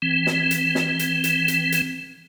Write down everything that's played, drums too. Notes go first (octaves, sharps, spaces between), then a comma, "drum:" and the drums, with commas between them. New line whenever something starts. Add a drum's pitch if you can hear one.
E3 C4
drum: snare
drum: hi-hat
drum: snare
drum: hi-hat
drum: hi-hat
drum: hi-hat
drum: hi-hat